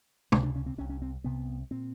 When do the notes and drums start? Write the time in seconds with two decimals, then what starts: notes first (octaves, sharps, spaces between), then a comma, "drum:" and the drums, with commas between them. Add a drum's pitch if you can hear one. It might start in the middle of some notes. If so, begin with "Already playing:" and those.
0.32 C#2 C#3 C#4, drum: tom
0.43 D4
0.56 C#4
0.66 C4
0.78 C2 C3 C#4
0.89 C#4
1.02 C4
1.24 C2 C3 B3
1.71 A#2 C4